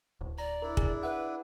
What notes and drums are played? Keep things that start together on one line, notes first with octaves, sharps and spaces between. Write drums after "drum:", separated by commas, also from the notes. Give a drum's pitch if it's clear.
D1
D5 A#5
D4 E4 A#4
G#4, drum: kick
B4 E5 F#5